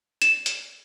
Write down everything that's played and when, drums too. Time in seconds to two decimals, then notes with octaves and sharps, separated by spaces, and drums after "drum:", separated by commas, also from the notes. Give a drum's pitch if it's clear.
0.22 E7, drum: hi-hat
0.46 drum: hi-hat